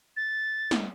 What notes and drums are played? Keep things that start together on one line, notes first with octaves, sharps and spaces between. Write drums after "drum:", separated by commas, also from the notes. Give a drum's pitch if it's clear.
A6
drum: snare